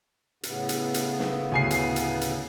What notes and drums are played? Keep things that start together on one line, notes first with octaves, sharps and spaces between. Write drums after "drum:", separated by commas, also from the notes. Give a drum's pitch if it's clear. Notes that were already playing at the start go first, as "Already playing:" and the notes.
A2 C#3 B3, drum: hi-hat
drum: hi-hat
drum: hi-hat
drum: snare
D2 G#5 C7
drum: hi-hat
drum: hi-hat
drum: hi-hat